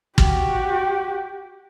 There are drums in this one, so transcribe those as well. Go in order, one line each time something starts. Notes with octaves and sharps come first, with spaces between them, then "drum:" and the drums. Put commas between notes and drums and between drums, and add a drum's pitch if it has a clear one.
F#4 G4, drum: kick